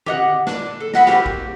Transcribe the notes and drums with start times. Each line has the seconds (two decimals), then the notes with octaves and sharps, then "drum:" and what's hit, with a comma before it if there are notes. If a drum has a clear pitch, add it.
0.06 G4 D#5 F#5, drum: tom
0.47 D4 D6, drum: snare
0.80 A4
0.94 D#5 F#5 B5, drum: snare
1.07 A#3 C4 F#4 G4, drum: snare
1.26 drum: kick